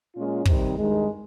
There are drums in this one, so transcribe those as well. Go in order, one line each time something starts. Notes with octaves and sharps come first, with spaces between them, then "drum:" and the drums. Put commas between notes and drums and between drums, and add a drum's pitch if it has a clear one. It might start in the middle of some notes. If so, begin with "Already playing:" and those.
A#2 G#3 C#4 F4
C3 D#3 G3 C4, drum: kick
G2 D#3 G#3